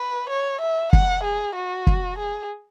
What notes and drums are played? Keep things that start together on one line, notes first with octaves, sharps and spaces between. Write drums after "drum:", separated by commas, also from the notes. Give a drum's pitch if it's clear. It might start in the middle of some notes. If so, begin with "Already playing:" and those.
Already playing: B4
C#5
E5
F#5, drum: kick
G#4
F#4
drum: kick
G#4